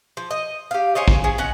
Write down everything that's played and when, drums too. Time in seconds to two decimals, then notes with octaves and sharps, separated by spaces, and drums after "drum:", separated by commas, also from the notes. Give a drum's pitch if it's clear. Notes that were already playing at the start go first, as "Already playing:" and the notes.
0.17 F3
0.31 D#5
0.71 G4 F5
0.95 C#4 C5 C#5 D#5
1.08 drum: kick A#1
1.24 C#4 G#4
1.38 C#4 D#5 F#5